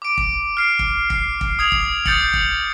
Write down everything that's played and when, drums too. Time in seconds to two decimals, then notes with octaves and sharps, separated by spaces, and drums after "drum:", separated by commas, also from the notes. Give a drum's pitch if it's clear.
0.02 D6 D7
0.17 drum: kick
0.57 F6 C7 D7
0.79 drum: kick
1.10 C7, drum: kick
1.41 drum: kick
1.59 D#6 G#6 F7
1.72 drum: kick
2.05 D#6 G6 A6 C#7 F#7, drum: kick
2.34 drum: kick